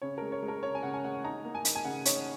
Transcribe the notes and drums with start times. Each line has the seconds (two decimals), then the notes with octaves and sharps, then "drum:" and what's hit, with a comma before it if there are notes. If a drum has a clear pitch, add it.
0.02 C#3 C#5
0.18 G#3 A#4
0.32 C#5
0.42 G#3
0.48 A#4
0.63 C#3 C#5
0.75 G#5
0.83 C#3 F#5
0.94 G#5
1.04 G#3 F#5
1.24 D#4 A#5
1.45 A#3
1.55 G#5
1.65 D#4, drum: hi-hat
1.75 G#5
1.84 C#3 F#5
2.05 D#4 C#5, drum: hi-hat